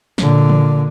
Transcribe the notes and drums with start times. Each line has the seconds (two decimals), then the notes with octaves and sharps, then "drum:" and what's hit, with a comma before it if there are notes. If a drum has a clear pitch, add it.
0.18 A#2 D3, drum: snare
0.49 drum: tom